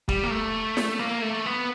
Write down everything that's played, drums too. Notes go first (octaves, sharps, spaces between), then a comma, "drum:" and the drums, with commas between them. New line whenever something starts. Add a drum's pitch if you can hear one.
G3, drum: kick
A#3
A3
drum: snare
A#3
A3
B3